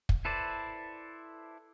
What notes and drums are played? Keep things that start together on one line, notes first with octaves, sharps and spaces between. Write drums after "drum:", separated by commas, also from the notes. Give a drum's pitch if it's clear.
drum: kick
E4 A4 B4 C5 D5